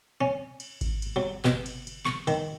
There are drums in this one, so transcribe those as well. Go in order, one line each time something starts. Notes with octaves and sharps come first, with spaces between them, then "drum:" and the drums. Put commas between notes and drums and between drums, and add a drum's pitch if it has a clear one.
C#4
drum: cymbal
drum: kick G#1, cymbal
drum: cymbal
F#3
B2, drum: clap
drum: cymbal
drum: cymbal
C#6, drum: clap
D#3, drum: cymbal